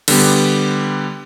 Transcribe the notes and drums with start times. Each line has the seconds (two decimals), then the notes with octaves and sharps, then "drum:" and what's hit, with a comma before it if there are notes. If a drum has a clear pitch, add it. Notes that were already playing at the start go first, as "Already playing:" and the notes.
0.08 D3 G3 B3 G4, drum: cymbal